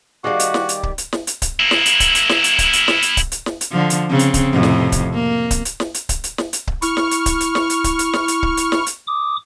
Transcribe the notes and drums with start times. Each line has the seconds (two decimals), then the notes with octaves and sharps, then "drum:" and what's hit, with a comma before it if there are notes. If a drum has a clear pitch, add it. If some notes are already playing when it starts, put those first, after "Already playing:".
0.24 D#3 G3 F#4 G#4 D#5 F5 D6
0.40 drum: hi-hat
0.54 drum: snare
0.69 drum: hi-hat
0.83 drum: kick C#1
0.98 drum: hi-hat
1.13 drum: snare
1.27 drum: hi-hat
1.42 drum: kick C#1, hi-hat
1.60 A#3 E4
1.71 drum: snare
1.86 drum: hi-hat
2.00 drum: kick C#1, hi-hat
2.15 drum: hi-hat
2.29 drum: snare
2.44 drum: hi-hat
2.59 drum: kick C#1, hi-hat
2.73 drum: hi-hat
2.88 drum: snare
3.02 drum: hi-hat
3.17 drum: kick C#1, hi-hat
3.32 drum: hi-hat
3.46 drum: snare
3.61 drum: hi-hat
3.72 D3 F3
3.90 drum: hi-hat
4.10 C#3 C4
4.19 drum: hi-hat
4.34 drum: kick C#1, hi-hat
4.53 F2 A2 C3
4.63 drum: snare
4.92 drum: kick C#1, hi-hat
5.14 A#3
5.51 drum: kick C#1, hi-hat
5.65 drum: hi-hat
5.80 drum: snare
5.94 drum: hi-hat
6.09 drum: kick C#1, hi-hat
6.24 drum: hi-hat
6.38 drum: snare
6.53 drum: hi-hat
6.67 drum: kick C#1
6.82 E4 C#6 F6, drum: hi-hat
6.97 drum: snare
7.11 drum: hi-hat
7.26 drum: kick C#1, hi-hat
7.40 drum: hi-hat
7.55 drum: snare
7.70 drum: hi-hat
7.84 drum: kick C#1, hi-hat
7.99 drum: hi-hat
8.13 drum: snare
8.28 drum: hi-hat
8.43 drum: kick C#1
8.57 drum: hi-hat
8.72 drum: snare
8.86 drum: hi-hat
9.07 D6 D#6